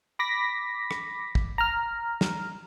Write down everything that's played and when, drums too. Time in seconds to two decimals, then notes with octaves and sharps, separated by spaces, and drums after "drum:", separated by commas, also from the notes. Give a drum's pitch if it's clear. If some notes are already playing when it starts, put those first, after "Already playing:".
0.19 B5 D6 A#6 B6
0.91 drum: rim click
1.35 drum: kick
1.58 A#5 F6
2.21 drum: snare